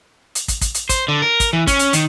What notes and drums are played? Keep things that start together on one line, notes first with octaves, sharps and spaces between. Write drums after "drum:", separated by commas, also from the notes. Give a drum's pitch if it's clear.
drum: hi-hat
drum: kick, hi-hat
drum: kick, hi-hat
drum: hi-hat
C5, drum: kick, hi-hat
D3
A#4
drum: kick, hi-hat
E3
C#4, drum: kick, hi-hat
drum: hi-hat
D#3, drum: hi-hat